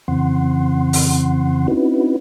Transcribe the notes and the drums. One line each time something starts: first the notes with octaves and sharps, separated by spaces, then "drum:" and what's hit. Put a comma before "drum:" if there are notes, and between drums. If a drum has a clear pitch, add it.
F2 C#3 E3 C4 F#5 C6
drum: open hi-hat
C4 C#4 D#4 E4 F#4 B4